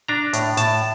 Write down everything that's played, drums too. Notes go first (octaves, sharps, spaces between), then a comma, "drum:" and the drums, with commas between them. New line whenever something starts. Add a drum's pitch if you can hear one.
D4 A#5
A2, drum: hi-hat
A2 A5, drum: hi-hat